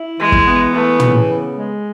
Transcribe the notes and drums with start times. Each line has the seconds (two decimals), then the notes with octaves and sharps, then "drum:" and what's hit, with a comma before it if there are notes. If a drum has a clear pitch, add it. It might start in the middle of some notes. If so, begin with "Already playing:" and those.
Already playing: E4
0.19 E3 G#3
0.32 drum: kick
0.46 B3
0.72 E3 A3
1.00 C#3, drum: tom
1.26 B3
1.53 G#3